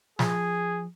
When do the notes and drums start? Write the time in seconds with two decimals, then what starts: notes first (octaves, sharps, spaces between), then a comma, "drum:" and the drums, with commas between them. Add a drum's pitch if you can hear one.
0.19 F3 G#4, drum: snare